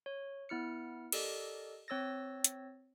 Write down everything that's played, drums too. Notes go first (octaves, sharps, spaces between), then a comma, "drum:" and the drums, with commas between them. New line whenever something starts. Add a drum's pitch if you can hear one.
C#5
B3 E4 F6 C#7
G4 A4 A#4 D5 D#5, drum: cymbal
C4 C#5 E6 A6 A#6
drum: hi-hat